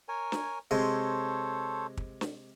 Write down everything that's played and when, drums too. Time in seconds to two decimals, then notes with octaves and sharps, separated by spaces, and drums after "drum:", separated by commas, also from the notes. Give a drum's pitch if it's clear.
0.08 A#4 C#5 G#5
0.32 drum: snare
0.71 C3 G#3 A4 C5 C#5
1.97 drum: kick
2.21 drum: snare